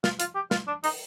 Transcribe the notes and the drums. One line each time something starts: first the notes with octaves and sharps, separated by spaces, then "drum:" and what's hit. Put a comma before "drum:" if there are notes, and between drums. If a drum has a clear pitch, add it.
F4, drum: snare
F4, drum: hi-hat
G4
F4, drum: snare
D4
D#4, drum: open hi-hat